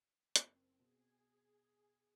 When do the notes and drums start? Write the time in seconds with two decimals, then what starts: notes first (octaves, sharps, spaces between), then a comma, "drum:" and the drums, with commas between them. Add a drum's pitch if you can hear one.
0.36 F#1 C4, drum: hi-hat
0.80 B2 G#4